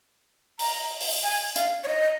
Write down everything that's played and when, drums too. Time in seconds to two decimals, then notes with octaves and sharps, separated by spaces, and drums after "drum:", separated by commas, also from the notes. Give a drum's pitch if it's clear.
0.59 A#5, drum: open hi-hat
1.01 drum: open hi-hat
1.23 G#5
1.56 F5, drum: hi-hat
1.84 C#5
1.88 D#5